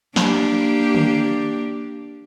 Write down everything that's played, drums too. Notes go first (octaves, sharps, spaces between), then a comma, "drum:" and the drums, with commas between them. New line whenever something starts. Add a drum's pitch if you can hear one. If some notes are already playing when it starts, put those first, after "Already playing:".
A#3 D4 G4, drum: snare
drum: tom D3